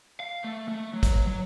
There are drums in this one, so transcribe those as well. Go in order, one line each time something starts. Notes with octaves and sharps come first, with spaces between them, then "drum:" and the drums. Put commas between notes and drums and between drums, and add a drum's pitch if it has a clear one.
F5
A3
A3
F#3
drum: kick, hi-hat
F#3